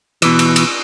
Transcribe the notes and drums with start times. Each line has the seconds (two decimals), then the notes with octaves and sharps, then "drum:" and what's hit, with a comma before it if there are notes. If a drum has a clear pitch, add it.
0.22 B2 E3, drum: cymbal
0.39 drum: cymbal
0.56 drum: cymbal